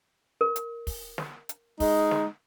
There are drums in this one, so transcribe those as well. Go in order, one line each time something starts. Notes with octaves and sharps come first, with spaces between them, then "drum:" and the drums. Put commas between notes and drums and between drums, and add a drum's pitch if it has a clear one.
A#4
drum: hi-hat
drum: kick, open hi-hat
drum: snare
drum: hi-hat
G#3 D#4, drum: kick, open hi-hat
drum: snare